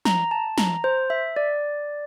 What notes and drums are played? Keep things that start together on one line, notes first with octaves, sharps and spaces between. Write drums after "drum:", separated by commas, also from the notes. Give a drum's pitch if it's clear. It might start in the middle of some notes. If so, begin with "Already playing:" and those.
A#5, drum: snare
A5
A#5, drum: snare
C5
E5
D5